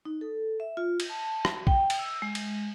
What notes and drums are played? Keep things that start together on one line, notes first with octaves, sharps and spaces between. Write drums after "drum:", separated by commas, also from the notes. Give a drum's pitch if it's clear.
D#4
A4
E5
F4
drum: cymbal
A5
drum: rim click
G5, drum: kick
drum: cymbal
E6
G#3
drum: cymbal